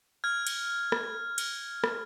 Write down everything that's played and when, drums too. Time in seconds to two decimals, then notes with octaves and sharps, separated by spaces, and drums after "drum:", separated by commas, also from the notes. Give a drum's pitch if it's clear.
0.24 F6 G#6
0.47 drum: cymbal
0.92 drum: rim click
1.38 drum: cymbal
1.84 drum: rim click